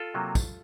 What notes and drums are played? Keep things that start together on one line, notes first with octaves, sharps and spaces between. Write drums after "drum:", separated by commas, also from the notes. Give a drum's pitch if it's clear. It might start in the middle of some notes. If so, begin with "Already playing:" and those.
Already playing: F4 A4
C3 F#3 A#3
drum: kick, tambourine